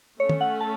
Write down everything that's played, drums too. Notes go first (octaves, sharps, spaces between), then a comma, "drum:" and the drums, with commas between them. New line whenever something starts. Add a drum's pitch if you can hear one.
A3 C#4 A4 C#5
drum: tom
F#5
A5